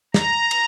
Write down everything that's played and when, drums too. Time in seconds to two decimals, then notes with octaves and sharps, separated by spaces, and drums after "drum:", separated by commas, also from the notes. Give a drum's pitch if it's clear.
0.14 A#5, drum: snare
0.51 drum: cymbal